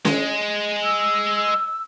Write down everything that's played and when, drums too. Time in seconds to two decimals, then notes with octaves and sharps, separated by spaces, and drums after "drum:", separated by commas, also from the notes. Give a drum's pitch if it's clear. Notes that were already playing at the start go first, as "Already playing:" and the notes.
0.05 G#3, drum: snare
0.83 E6